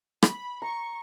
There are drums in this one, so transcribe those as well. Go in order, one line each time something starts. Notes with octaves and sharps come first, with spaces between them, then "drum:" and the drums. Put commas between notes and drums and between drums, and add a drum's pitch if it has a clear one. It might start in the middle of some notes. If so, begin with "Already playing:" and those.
B5, drum: rim click
A#5 C#6